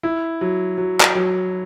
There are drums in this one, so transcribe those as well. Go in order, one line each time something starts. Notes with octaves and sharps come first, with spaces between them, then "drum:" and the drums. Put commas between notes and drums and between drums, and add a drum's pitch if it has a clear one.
E4
F#3
F#3
drum: clap
F#3